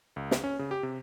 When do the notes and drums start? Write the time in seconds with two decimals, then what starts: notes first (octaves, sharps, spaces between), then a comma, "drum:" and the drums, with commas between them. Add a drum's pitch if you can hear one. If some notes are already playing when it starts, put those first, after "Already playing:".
0.16 C#2
0.31 drum: snare
0.44 C#4
0.59 C#3
0.71 G4
0.83 C3